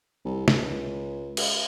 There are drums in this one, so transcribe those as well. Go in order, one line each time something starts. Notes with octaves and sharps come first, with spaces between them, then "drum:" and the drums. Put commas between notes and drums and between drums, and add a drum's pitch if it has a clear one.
C2
C#2, drum: snare
drum: cymbal